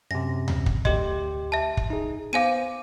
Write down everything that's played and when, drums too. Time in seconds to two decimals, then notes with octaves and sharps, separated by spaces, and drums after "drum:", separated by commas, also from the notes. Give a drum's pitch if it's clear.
0.11 F#2 C3 A#6
0.48 drum: tom D2
0.66 drum: kick
0.85 D2 G4 D#5 C6, drum: kick
1.52 E5 A5
1.77 drum: kick
1.90 D#4 G#4
2.33 B3 C5 F5 G#5 D6 D#7